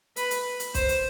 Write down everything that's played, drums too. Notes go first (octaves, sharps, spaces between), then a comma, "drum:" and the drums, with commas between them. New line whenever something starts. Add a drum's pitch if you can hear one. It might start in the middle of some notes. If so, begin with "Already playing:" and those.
B4, drum: hi-hat
drum: hi-hat
drum: hi-hat
C5, drum: kick, hi-hat
drum: hi-hat